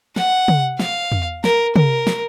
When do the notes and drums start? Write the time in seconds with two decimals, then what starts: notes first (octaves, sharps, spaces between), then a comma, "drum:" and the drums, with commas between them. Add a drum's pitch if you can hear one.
0.16 F#5, drum: snare
0.48 drum: tom
0.80 F5, drum: snare
1.12 drum: tom E2
1.44 A#4, drum: snare
1.76 A#4, drum: tom
2.07 drum: snare